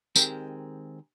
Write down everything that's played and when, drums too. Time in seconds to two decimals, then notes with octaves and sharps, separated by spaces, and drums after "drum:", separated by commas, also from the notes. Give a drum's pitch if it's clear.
0.16 D#3 G#3 C4 G4 A#4, drum: tambourine